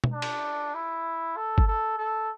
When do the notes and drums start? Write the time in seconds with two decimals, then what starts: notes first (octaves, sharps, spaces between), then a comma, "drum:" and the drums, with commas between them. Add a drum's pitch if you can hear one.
0.04 drum: tom
0.13 D4
0.22 drum: cymbal
0.75 E4
1.37 A4
1.58 drum: kick G1
1.68 A4
1.98 A4